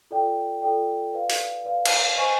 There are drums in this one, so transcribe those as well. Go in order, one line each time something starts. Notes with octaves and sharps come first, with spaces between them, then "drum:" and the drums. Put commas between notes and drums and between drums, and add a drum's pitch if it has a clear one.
F4 A4 D5 G5
F4 A4 D5 G5
B4 D5 F5
drum: open hi-hat
B4 D5 F5
drum: cymbal
C5 D#5 G#5 C#6